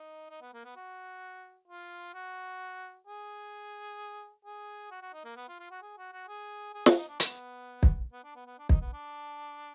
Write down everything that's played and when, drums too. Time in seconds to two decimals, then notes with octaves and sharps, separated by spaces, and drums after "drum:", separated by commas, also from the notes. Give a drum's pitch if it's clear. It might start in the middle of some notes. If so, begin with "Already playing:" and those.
Already playing: D#4
0.30 D#4
0.42 B3
0.53 A#3
0.65 B3
0.76 F#4
1.68 F4
2.14 F#4
3.07 G#4
4.45 G#4
4.91 F#4
5.02 F#4
5.13 D#4
5.25 A#3
5.36 B3
5.48 F4
5.59 F4
5.71 F#4
5.82 G#4
5.98 F#4
6.12 F#4
6.28 G#4
6.74 G#4
6.86 F#4, drum: snare
6.98 D#4
7.09 D4
7.20 B3, drum: hi-hat
7.83 drum: kick
8.12 B3
8.24 D4
8.35 B3
8.46 B3
8.59 D4
8.69 D#4, drum: kick
8.81 B3
8.93 D4